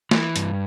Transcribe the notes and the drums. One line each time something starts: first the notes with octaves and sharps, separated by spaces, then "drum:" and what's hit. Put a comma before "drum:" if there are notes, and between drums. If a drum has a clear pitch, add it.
E3, drum: snare
G2, drum: hi-hat